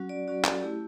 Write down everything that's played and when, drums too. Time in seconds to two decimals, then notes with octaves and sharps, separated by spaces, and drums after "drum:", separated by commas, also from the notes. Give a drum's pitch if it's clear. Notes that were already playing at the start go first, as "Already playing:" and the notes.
Already playing: F#3 C#4 F#4
0.09 D5
0.28 F#3 C#4 F#4 D5
0.44 A4, drum: clap
0.63 A3 E4 G4